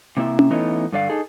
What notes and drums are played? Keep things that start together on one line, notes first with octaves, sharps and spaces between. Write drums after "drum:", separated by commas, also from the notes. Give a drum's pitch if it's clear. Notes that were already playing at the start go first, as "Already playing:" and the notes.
C3 A#3 E4 E5
drum: tom C#4
E3 A3 B3 C#4 D#4 E4
G2 D3 D5 F5
D#4 G#4 A4